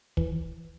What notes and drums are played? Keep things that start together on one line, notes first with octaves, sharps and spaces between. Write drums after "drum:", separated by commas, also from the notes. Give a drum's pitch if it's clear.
E3, drum: kick